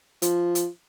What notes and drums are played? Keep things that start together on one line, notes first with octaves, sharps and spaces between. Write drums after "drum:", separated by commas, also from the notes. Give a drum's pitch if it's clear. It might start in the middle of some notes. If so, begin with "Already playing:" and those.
F3, drum: hi-hat
drum: hi-hat